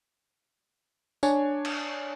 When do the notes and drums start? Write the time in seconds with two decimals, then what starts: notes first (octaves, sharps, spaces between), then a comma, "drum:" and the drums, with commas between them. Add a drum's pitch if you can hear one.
1.23 D4 C#5 G#5, drum: tambourine
1.65 drum: cymbal